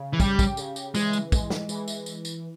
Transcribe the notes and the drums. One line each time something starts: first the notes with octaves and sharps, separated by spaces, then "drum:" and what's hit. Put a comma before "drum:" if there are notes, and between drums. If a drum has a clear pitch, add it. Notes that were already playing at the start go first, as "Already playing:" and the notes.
Already playing: C#3
E3
G3 G4, drum: kick, tambourine
drum: kick, tambourine
C#3, drum: tambourine
drum: tambourine
E3 G#3, drum: tambourine
drum: tambourine
G#3, drum: kick, tambourine
drum: snare
E3, drum: tambourine
drum: tambourine
drum: tambourine
drum: tambourine